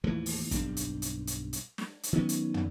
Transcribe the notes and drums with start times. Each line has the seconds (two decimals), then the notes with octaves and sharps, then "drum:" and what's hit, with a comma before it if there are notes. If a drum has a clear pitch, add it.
0.04 D#2 A2 E3 F3
0.26 drum: open hi-hat
0.51 B1 G2 C4, drum: kick, hi-hat
0.77 drum: hi-hat
1.02 drum: hi-hat
1.27 drum: hi-hat
1.53 drum: hi-hat
1.78 drum: snare
2.03 drum: hi-hat
2.13 D#3 F#3 B3 C#4
2.29 drum: hi-hat
2.54 drum: tom